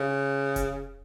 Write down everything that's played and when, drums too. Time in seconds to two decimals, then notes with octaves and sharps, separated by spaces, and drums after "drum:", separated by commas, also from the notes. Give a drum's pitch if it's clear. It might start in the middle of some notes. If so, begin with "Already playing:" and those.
Already playing: C#3
0.56 drum: kick F1, hi-hat